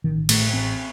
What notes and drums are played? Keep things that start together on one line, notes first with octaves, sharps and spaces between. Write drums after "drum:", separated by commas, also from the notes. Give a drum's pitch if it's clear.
A1 D#3
A2 A3, drum: cymbal
A1 C4